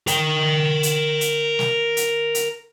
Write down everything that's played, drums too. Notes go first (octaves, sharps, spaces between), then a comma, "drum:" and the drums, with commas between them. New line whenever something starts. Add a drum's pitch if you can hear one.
A#4 G5, drum: hi-hat
drum: hi-hat
drum: hi-hat
drum: snare
drum: hi-hat
drum: hi-hat